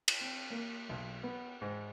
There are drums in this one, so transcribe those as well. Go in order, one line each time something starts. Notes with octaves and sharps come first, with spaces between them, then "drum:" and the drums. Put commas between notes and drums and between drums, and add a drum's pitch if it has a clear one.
drum: cymbal
C4
A#3
B1
B3
G#2